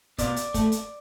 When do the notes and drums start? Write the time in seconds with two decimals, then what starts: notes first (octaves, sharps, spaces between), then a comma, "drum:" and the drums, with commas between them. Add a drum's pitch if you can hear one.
0.18 B2 D5, drum: kick, hi-hat
0.36 drum: hi-hat
0.54 A3, drum: kick, hi-hat
0.72 drum: hi-hat